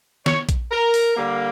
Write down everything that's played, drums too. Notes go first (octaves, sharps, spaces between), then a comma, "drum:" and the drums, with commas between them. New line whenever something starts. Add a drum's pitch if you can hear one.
C#5, drum: snare
drum: kick A#1, hi-hat
A#4
drum: open hi-hat
D3 G3 A#3